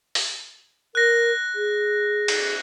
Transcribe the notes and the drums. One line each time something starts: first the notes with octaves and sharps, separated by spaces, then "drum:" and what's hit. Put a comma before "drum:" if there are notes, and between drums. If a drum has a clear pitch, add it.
drum: open hi-hat
A#4 F#6 A#6
G#4
drum: cymbal